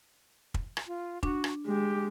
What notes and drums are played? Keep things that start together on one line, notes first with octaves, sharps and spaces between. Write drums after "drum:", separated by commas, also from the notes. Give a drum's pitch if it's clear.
drum: kick
drum: rim click
F4
D4 F#4, drum: kick
drum: rim click
G#3 G4